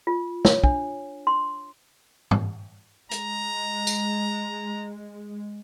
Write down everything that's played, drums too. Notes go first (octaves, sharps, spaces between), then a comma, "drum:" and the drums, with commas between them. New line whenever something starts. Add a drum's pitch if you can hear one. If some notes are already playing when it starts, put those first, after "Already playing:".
F4
C#5, drum: snare
D4, drum: kick
C6
drum: tom G#2
G#3 A#5, drum: hi-hat
drum: tambourine